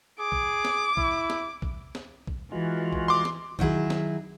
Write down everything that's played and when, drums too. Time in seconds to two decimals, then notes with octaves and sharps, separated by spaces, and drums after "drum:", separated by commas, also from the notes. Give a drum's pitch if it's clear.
0.20 G#4 D6
0.32 drum: kick B1
0.65 drum: snare
0.97 E4, drum: kick B1
1.30 drum: snare
1.62 drum: kick B1
1.95 drum: snare
2.27 drum: kick B1
2.52 E3 G#3 F4 F#4
2.93 drum: kick B1
3.08 C6 D6
3.25 drum: snare
3.59 D#3 F#3 E4 G#4, drum: kick B1
3.90 drum: snare